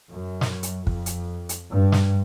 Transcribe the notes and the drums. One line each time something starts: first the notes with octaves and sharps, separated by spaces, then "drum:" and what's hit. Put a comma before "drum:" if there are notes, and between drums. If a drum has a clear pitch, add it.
F#2
drum: snare
drum: hi-hat
F2, drum: kick
drum: hi-hat
drum: hi-hat
G2
drum: snare